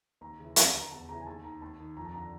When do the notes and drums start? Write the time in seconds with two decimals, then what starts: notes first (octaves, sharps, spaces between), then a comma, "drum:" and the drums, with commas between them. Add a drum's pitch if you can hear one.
0.21 D#2 A#5
0.39 C#3 E3
0.56 D2, drum: hi-hat
0.74 D3
0.80 A#5
0.91 E2 A5
1.09 C#3 E3 A#5
1.20 G#5
1.26 D#2 A5
1.44 D#3 A#5
1.61 D#2 A5
1.80 D#3
1.97 F2 A#5
2.05 A5
2.14 D3 A#5